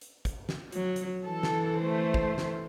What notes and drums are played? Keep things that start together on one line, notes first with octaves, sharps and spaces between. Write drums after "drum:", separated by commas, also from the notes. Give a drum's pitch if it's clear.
drum: hi-hat
drum: kick, hi-hat
drum: snare
F#3, drum: hi-hat
drum: hi-hat
E3 A4
drum: snare
A3 C5
drum: kick
drum: snare